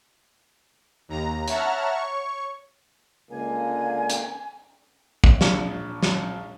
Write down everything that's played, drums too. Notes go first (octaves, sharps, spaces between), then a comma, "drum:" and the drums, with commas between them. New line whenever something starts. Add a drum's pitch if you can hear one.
D#2 A#5
C#5 E5 F#5 A5 A#5 F6, drum: hi-hat
C#5 C#6
C#2 D3 A#3 G#5
drum: hi-hat
drum: kick
A#1, drum: snare
drum: snare